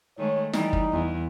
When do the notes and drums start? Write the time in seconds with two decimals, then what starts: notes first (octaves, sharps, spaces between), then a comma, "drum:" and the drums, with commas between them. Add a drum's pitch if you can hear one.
0.18 D#3 G#3 A3 C#5
0.53 E3 G3 D#4, drum: snare
0.73 drum: kick
0.92 E2